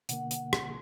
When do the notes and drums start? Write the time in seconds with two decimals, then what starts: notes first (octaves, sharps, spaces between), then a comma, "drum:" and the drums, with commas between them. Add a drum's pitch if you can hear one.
0.09 B2 D3 A#3 F#5, drum: hi-hat
0.31 drum: hi-hat
0.53 drum: rim click